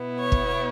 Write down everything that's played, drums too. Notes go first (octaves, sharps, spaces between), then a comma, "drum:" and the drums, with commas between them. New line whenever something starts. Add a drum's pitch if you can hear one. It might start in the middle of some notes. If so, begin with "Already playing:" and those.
Already playing: B2 B3 E4
C#5
drum: kick